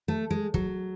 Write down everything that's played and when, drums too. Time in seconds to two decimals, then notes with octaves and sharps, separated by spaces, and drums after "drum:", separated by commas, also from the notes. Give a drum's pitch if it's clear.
0.08 A3
0.30 G#3
0.54 F#3, drum: kick